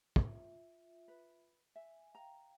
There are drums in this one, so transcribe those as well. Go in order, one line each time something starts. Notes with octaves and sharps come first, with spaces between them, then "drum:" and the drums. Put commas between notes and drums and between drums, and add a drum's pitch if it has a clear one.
F4 E5, drum: kick
B4
E5 G#5
F5 G5 A#5